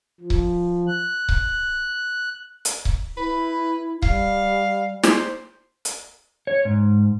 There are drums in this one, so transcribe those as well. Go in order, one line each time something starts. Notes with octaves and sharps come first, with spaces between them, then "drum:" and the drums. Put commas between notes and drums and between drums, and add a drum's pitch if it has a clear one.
F3
drum: kick C#1
F#6
drum: kick C#1
drum: hi-hat
drum: kick C#1
E4 B4
G3 F5, drum: kick C#1
C5, drum: snare
drum: hi-hat
C#5
G#2